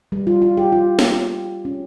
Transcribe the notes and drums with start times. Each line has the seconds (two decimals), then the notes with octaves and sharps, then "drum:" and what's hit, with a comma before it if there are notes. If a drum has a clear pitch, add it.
0.12 G3
0.27 F4
0.42 F4
0.57 G4
0.72 F4
0.99 drum: snare
1.65 C#4